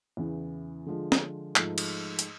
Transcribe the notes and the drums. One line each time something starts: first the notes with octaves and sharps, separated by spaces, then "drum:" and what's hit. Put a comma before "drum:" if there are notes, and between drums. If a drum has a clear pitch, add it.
E2 C#3 E3
D3 F3 G#3
drum: snare
G#2 F3 A3, drum: clap
drum: cymbal
drum: hi-hat